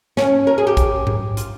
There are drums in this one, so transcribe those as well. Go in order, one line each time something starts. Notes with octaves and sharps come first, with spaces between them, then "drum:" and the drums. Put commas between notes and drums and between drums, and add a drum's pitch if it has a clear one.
C#4, drum: snare
A#4
G#4
G4
drum: kick, hi-hat
drum: tom G#2
F4, drum: hi-hat